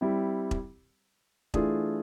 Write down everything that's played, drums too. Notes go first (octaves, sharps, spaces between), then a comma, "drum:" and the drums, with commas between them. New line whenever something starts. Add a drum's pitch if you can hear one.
G3 C4 E4 G4
drum: kick E1
E3 A3 D4 F4 G#4, drum: kick E1